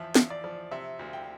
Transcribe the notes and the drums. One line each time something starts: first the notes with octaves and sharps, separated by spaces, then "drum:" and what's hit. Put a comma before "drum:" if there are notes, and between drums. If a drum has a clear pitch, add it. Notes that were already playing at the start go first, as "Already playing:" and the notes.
Already playing: E2 F3 E5
E2, drum: snare
D5
F3
C3 E5
D2
G5